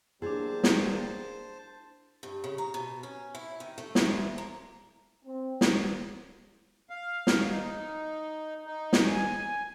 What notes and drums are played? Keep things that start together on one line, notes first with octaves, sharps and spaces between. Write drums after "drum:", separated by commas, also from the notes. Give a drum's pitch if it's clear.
F#3 G3 A#3 D4 E4 G#4 C5 A5
drum: snare
G2
C#3
A#5
B2
C#4
E4
D#3
A3
drum: snare
F2
A#3
C4
drum: snare
F5
drum: snare
D#4
D#4
drum: snare
G#5